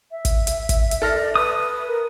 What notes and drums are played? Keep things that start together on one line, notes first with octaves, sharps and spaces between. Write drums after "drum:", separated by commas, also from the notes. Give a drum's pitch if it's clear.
E5
drum: kick, hi-hat
drum: hi-hat
drum: kick, hi-hat
drum: hi-hat
A4 D5 F6 A#6
B4 D#6
A#4